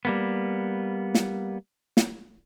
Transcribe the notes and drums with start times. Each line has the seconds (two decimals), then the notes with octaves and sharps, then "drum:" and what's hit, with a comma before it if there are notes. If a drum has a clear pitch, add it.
0.05 G3 A#3 B3
1.14 drum: snare
1.97 drum: snare